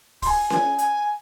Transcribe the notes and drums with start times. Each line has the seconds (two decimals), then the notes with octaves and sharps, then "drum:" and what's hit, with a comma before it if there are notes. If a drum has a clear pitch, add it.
0.22 C6, drum: kick, open hi-hat
0.27 G#5
0.50 G#5, drum: snare C#4
0.78 G#5, drum: hi-hat